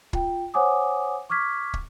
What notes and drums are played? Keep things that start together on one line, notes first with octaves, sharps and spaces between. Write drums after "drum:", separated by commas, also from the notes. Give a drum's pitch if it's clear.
F4 G5, drum: kick
C5 C#5 F#5 G#5 D6 D#6
C#6 D6 F6 G#6 B6
drum: kick